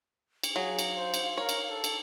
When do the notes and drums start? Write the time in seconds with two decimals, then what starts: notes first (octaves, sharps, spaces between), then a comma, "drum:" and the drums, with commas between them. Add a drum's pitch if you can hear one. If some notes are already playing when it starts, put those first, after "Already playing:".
0.43 drum: cymbal
0.56 F#3 G#4 F5
0.79 drum: cymbal
0.96 C5
1.14 drum: cymbal
1.37 A#4 C#5
1.49 drum: cymbal
1.70 A4
1.84 drum: cymbal